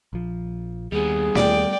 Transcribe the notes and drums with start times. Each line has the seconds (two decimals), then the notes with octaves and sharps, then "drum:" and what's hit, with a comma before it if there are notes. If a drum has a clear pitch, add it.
0.13 A#1 F3
0.92 D#2 G3 B3 G#4
1.35 D#2 D5 G5, drum: snare